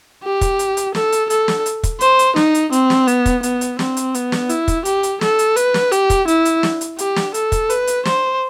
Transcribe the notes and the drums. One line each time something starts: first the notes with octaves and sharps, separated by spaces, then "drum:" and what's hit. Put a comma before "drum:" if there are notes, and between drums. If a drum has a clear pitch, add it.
G4
drum: kick, hi-hat
drum: hi-hat
drum: hi-hat
A4, drum: snare
drum: hi-hat
A4, drum: hi-hat
drum: snare
drum: hi-hat
drum: kick, hi-hat
C5, drum: hi-hat
drum: hi-hat
D#4, drum: snare
drum: hi-hat
C4, drum: hi-hat
drum: snare
B3, drum: hi-hat
drum: kick, hi-hat
B3, drum: hi-hat
drum: hi-hat
C4, drum: snare
drum: hi-hat
B3, drum: hi-hat
drum: snare
E4, drum: hi-hat
drum: kick, hi-hat
G4, drum: hi-hat
drum: hi-hat
A4, drum: snare
drum: hi-hat
B4, drum: hi-hat
drum: snare
G4, drum: hi-hat
drum: kick, hi-hat
E4, drum: hi-hat
drum: hi-hat
drum: snare
drum: hi-hat
G4, drum: hi-hat
drum: snare
A4, drum: hi-hat
drum: kick, hi-hat
B4, drum: hi-hat
drum: hi-hat
C5, drum: snare